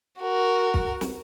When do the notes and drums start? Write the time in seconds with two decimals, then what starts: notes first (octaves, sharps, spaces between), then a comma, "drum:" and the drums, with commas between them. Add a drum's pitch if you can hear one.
0.20 F#4 A#4
0.74 drum: kick
1.01 drum: snare